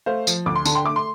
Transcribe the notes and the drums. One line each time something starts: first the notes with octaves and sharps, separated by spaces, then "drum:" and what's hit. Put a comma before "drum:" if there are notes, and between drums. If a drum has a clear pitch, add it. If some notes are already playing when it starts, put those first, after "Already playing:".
A3 C5 F5
F3, drum: tambourine
D2 D6
C6
D3 A5, drum: tambourine
G5 C6
A3 D6
C6